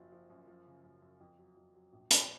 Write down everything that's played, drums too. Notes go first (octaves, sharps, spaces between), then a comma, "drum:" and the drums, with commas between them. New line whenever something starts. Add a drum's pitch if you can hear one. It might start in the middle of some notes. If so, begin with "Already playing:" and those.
Already playing: F#1 F3 F#3
F3
F#2
F3
C#3
F#2
F#2
F2
F#3
F2
F#3
A#1
A#1, drum: hi-hat